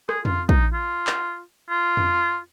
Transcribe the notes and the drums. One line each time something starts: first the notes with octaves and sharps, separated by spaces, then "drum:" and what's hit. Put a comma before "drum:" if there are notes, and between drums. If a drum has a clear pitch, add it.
G#4, drum: rim click
F4, drum: tom F2
D#4, drum: kick
F4
drum: clap
F4
drum: tom F2